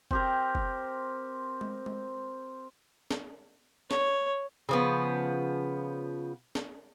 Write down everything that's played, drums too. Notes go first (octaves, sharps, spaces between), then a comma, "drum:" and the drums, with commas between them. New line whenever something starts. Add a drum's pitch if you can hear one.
C4 G4 A#4, drum: kick
drum: kick
drum: tom G#3
drum: tom G#3
drum: snare
C#5, drum: snare
C#3 F3 B3
drum: snare